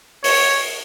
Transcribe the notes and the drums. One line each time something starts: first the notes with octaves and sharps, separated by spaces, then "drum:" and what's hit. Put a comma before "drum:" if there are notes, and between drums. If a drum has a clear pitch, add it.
C#5, drum: open hi-hat